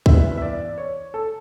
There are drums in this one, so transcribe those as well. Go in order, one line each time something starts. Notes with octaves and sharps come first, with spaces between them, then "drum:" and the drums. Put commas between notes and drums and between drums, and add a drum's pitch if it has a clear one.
G2 E3 B3 E5, drum: kick
E5
D5
C#5
A4